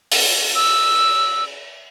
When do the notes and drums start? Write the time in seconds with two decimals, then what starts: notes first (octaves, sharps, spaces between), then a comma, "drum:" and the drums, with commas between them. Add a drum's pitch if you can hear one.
0.12 drum: open hi-hat
0.55 E6